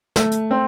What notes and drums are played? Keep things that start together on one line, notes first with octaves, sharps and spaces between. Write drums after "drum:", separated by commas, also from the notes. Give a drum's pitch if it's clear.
A3, drum: snare
drum: hi-hat
C4